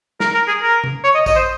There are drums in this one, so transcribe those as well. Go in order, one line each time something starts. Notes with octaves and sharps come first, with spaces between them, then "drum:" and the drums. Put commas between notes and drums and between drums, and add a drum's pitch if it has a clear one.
A#4, drum: snare
A#4
G#4
A#4
drum: tom
C#5
D#5
D#5, drum: kick, tambourine
C5